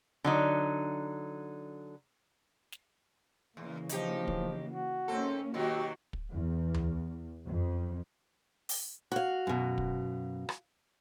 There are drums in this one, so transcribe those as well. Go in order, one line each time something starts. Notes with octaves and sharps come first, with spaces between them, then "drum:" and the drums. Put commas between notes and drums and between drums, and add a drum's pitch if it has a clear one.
D3 F#3 D#4
drum: snare
E2 C#3 E3 A#3
F3 D#4 G4, drum: hi-hat
drum: kick
F#4
G#2 A#3 C4 C#4 A4
B2 D#3 F#3 F#4 G4
drum: kick
E2
drum: tom D2
F2
drum: open hi-hat
F#4 F5
F#2 B2
drum: kick
drum: rim click